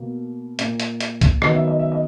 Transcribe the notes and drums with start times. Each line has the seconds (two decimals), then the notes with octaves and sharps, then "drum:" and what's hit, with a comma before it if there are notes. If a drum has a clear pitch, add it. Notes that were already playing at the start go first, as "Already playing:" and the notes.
Already playing: B2 A#3
0.59 A#2 A#3, drum: hi-hat
0.80 drum: hi-hat
1.00 drum: hi-hat
1.21 drum: kick B1, hi-hat
1.42 D#3 F#3 B3 D#5, drum: rim click
1.55 E5
1.68 D#5
1.79 E5
1.92 D#5